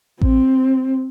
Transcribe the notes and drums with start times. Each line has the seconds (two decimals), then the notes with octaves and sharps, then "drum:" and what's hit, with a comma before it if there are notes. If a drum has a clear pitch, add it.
0.22 C4, drum: kick A1